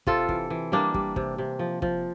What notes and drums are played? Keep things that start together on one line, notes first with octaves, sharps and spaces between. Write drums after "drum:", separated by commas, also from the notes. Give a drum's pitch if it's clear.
C3 F4 A4, drum: kick
E3, drum: kick
E3
G3 A#3 D4
G3, drum: kick
C3, drum: kick
C3
F3
F3, drum: kick